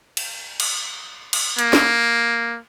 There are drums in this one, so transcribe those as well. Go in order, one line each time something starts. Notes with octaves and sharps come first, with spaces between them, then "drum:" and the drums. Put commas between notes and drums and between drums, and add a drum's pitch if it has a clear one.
drum: cymbal
drum: cymbal
drum: cymbal
A#3, drum: hi-hat
drum: snare